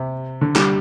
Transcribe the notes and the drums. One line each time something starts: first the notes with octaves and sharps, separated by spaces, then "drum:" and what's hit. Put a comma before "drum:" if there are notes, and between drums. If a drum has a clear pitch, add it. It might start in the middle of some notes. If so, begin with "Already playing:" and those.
Already playing: C3
D3
G3, drum: clap